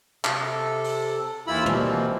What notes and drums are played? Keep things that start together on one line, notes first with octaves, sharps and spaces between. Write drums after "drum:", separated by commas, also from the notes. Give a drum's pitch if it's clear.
C3 A4, drum: clap
drum: open hi-hat
D#2 E3 E4 F4 B5 E6
B2 E3 F3 G3 A#3 C4, drum: tom